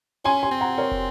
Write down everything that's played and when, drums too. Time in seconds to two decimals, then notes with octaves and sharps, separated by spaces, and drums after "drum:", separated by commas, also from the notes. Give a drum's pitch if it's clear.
0.25 C#4 G#5 C6
0.43 G#5 C6
0.51 C4
0.61 F#5 A#5
0.78 A#4 C#5
0.91 drum: kick